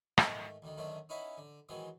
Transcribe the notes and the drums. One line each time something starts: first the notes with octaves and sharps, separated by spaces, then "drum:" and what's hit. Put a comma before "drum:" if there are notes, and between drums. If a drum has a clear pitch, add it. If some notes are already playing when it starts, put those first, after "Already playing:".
G#2 D#3 A3, drum: rim click
D2 D3 D#3
F#2 D3 D#3 A3 C5
C#4 D#4 E4 B4 E5 F#5
D3
D#3 E3 F#3 G#3 C4